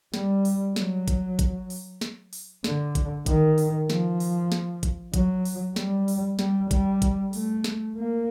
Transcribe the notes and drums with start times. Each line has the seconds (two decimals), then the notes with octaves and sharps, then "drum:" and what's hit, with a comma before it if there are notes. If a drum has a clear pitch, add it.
0.14 G3, drum: snare
0.45 drum: open hi-hat
0.76 F#3, drum: snare
1.08 drum: kick G#1, hi-hat
1.39 drum: kick G#1, hi-hat
1.70 drum: open hi-hat
2.01 drum: snare
2.33 drum: open hi-hat
2.64 D3, drum: snare
2.95 drum: kick G#1, hi-hat
3.26 D#3, drum: kick G#1, hi-hat
3.58 drum: open hi-hat
3.90 F3, drum: snare
4.20 drum: open hi-hat
4.52 drum: snare
4.83 drum: kick G#1, hi-hat
5.14 F#3, drum: kick G#1, hi-hat
5.45 drum: open hi-hat
5.76 G3, drum: snare
6.08 drum: open hi-hat
6.39 G3, drum: snare
6.71 G3, drum: kick G#1, hi-hat
7.02 drum: kick G#1, hi-hat
7.33 A3, drum: open hi-hat
7.64 drum: snare
7.96 A#3